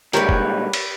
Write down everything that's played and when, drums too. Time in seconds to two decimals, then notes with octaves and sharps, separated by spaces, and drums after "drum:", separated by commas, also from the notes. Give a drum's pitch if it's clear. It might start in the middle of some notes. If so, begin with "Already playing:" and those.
0.13 A#2 G3 G#3 G4 A#4 B4 C#5, drum: hi-hat
0.29 drum: kick
0.73 drum: cymbal